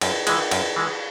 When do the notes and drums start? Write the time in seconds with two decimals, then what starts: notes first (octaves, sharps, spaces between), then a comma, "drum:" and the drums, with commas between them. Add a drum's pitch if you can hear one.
0.01 F#2, drum: cymbal
0.27 E3 G#3, drum: cymbal
0.51 F#2, drum: cymbal
0.76 E3 G#3